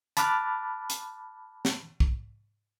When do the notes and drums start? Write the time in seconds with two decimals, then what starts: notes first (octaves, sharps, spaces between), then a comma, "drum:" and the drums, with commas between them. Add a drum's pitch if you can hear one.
0.17 A5 B5 D6 F6 F#6 A6, drum: hi-hat
0.90 drum: hi-hat
1.65 drum: snare
2.00 drum: kick